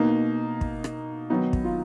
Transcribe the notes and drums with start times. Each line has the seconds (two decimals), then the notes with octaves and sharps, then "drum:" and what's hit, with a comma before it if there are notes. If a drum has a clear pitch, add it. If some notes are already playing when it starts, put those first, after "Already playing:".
Already playing: B2 A#3 D#4
0.61 drum: kick
0.84 drum: rim click
1.30 D#3 F#3 B3 D#4
1.53 drum: kick
1.64 F4